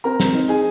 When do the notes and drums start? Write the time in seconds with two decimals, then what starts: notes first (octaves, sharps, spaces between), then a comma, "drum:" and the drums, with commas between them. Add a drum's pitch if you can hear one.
0.04 C4 A#4 A#5
0.20 C4, drum: snare
0.34 D#4
0.48 D#4 G#4 G#5